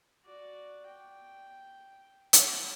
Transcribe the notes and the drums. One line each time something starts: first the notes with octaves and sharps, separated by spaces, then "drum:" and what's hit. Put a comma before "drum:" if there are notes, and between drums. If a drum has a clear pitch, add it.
F#4 D5
G5
drum: hi-hat